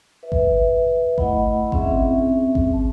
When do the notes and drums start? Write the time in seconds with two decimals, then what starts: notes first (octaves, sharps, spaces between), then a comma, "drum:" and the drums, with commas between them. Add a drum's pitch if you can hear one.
0.23 B4 E5
0.32 drum: kick G#1
1.18 A3 E4 D#5 F#5 B5, drum: kick G#1
1.72 C4 C#4 G#4 E5, drum: kick G#1
2.55 drum: kick G#1
2.73 A5